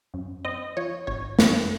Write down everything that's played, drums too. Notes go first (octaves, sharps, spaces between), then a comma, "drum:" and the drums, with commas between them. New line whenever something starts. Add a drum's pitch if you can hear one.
F#2
C4 D#5
F3 C#5
G#1 C#5
F#2, drum: snare